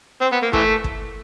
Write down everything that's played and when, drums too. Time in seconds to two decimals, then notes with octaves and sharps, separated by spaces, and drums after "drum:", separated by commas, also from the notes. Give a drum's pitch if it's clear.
0.21 C4
0.32 B3
0.42 A#3
0.53 E3 A3, drum: kick
0.84 drum: kick